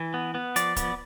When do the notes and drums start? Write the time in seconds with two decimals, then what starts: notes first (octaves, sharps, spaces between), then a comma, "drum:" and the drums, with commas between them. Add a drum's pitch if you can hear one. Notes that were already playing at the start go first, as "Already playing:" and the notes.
Already playing: E3
0.14 B3
0.35 B3
0.56 F3 D5, drum: hi-hat
0.76 B3, drum: kick D1, hi-hat